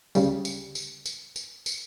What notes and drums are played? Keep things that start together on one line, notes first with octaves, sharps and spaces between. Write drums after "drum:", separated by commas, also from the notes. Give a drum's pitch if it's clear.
D2 C#3 G3, drum: tambourine
drum: tambourine
drum: tambourine
drum: tambourine
drum: tambourine
drum: tambourine